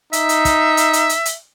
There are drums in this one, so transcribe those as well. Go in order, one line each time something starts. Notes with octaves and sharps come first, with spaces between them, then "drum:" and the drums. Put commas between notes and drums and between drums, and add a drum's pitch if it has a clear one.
D#4 E5, drum: hi-hat
drum: hi-hat
drum: kick, hi-hat
drum: hi-hat
drum: hi-hat
drum: hi-hat
drum: hi-hat